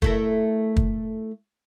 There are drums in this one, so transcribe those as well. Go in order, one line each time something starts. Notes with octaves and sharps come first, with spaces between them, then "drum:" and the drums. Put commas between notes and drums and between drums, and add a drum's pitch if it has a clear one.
A3 E4 A#4, drum: kick
drum: kick